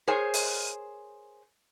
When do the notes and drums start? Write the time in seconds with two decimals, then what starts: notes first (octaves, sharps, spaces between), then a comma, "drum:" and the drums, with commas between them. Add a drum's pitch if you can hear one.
0.08 G#4 A#4 C5 C#5 G#5
0.34 drum: open hi-hat